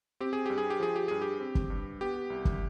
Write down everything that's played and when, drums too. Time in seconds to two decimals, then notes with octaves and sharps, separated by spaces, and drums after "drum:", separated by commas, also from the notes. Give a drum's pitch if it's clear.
0.20 C4 G4
0.33 G#4
0.46 G2 G4
0.58 G#4
0.70 G4
0.80 F3 G#4
0.96 G4
1.08 G2 G#4
1.22 G4
1.40 C4
1.55 drum: kick
1.70 G2
2.01 B3 G4
2.30 C2
2.45 drum: kick